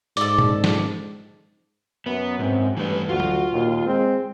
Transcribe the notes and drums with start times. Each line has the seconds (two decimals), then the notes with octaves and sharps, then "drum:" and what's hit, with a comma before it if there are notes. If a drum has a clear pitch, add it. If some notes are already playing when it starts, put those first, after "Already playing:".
0.17 G#2 A4 D5, drum: hi-hat
0.38 drum: tom A#2
0.64 drum: snare
2.06 F#2 B3
2.39 G#2 C4
2.77 G2 E3 A3 B4
3.09 D2 F4 F#4
3.20 drum: tom F#3
3.53 D#2 A#2
3.86 G#3 C4